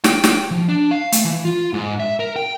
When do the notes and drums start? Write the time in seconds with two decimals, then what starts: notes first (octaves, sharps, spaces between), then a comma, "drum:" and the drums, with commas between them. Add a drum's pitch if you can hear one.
0.04 G5, drum: snare
0.24 drum: snare
0.51 F3
0.69 D4
0.91 F5
1.12 A3, drum: hi-hat
1.25 E3
1.45 F4
1.74 G#2
2.00 E5
2.20 A#4
2.36 G5